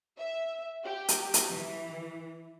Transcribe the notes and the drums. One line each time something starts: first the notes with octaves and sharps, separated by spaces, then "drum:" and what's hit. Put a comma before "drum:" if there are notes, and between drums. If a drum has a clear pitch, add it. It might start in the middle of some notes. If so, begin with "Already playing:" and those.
E5
G4
drum: hi-hat
drum: hi-hat
E3